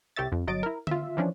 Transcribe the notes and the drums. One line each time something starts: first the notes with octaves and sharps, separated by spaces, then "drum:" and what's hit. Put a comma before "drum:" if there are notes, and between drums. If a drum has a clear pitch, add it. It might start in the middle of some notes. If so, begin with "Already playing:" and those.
C2 G4 C#5 E5 A6
F2
G1 F#3 D#5 A6 D7
E4 A#4
F4 E5, drum: tom D3
E3 F3 C#4 D4